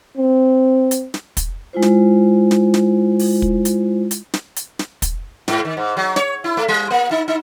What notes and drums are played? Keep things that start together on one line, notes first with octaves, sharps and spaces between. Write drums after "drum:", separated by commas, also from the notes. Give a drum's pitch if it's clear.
C4
drum: hi-hat
drum: snare
drum: kick, hi-hat
G#3 E4 F4 C5
drum: snare
drum: snare
drum: snare
drum: open hi-hat
drum: kick
drum: hi-hat
drum: hi-hat
drum: snare
drum: hi-hat
drum: snare
drum: kick, hi-hat
G#2, drum: snare
D#3
G#2
F#3
C#5, drum: snare
E4
A3
G3
A#3
D#4
D#4